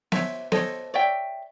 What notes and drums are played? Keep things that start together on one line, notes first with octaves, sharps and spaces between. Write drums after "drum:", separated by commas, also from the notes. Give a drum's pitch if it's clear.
C5 C#5 E5, drum: snare B3
A4 C5 C#5 D#5, drum: snare B3
C#5 D5 E5 G5